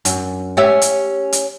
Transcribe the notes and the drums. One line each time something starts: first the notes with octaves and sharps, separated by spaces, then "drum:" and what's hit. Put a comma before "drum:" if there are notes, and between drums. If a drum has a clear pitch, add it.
F#2, drum: hi-hat
C#4 G4 E5
drum: hi-hat
drum: hi-hat